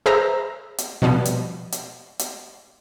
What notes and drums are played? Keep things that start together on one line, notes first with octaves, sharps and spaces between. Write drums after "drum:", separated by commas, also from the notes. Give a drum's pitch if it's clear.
G#4 B4 C5 E5 A#5 E6
drum: hi-hat
B2 F3 G3 B3
drum: hi-hat
drum: hi-hat
drum: hi-hat